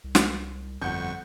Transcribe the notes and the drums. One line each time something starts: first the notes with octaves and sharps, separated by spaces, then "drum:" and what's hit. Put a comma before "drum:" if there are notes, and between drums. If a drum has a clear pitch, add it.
C2
drum: snare
G1 F2 F#5 C#6 G6